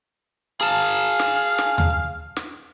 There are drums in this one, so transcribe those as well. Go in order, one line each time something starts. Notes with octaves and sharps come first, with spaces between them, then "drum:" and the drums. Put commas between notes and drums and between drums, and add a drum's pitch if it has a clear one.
G#4 F5 A5
drum: snare
drum: snare
drum: tom D#2
drum: snare